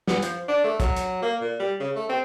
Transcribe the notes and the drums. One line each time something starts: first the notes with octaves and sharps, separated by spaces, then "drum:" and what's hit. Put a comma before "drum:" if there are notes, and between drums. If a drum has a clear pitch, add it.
B3, drum: snare
F3, drum: hi-hat
D4
A3
F#3, drum: kick, hi-hat
drum: hi-hat
A#3
A#2
G3
C#3
A3
C4